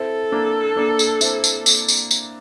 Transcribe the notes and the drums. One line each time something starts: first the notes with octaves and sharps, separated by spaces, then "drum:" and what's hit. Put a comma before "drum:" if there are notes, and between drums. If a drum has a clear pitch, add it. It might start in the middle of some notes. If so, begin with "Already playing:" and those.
Already playing: C4 E4 A4
A#3 D4
A#3 D4
drum: tambourine
C4 E4, drum: tambourine
drum: tambourine
drum: tambourine
drum: tambourine
drum: tambourine